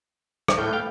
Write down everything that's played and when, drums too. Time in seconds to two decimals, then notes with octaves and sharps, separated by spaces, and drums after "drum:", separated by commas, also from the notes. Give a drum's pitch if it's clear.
0.48 drum: rim click
0.58 A2 A3 A4 B4 F6 G6
0.73 F5 G5